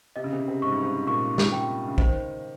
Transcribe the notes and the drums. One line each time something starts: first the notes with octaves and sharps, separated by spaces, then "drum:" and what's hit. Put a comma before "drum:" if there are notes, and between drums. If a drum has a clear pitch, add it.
C3 D#5
C#3
C3
C#3
C3
G#2 C#6
G2
G#2
A#2 C#6
drum: snare
C3 G5
C#3
D#3 C5, drum: kick